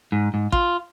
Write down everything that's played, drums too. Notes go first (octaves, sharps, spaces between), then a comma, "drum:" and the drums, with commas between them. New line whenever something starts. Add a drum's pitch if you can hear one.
G#2
G#2
F4, drum: kick